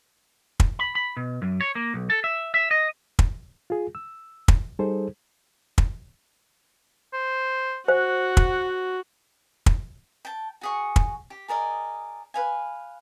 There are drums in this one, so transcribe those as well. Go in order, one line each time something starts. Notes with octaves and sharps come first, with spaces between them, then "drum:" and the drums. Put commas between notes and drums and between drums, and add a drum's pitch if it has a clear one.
drum: kick
B5
B5
B2
F#2
C#5
A#3
B1
A4
E5
E5
D#5
drum: kick
F4 G#4
E6
drum: kick
G3 D#4 G#4 A4 C5
drum: kick
C5
F#4 C5 F#5
drum: kick
drum: kick
G5 A5
F#4 G#4 C#6
drum: kick
G4
G#4 A#4 D5 D#5
B4 F5 G#5